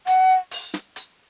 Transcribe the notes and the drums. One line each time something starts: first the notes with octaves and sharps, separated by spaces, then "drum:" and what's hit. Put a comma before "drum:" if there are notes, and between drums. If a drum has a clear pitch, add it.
F#5, drum: hi-hat
drum: open hi-hat
drum: snare
drum: hi-hat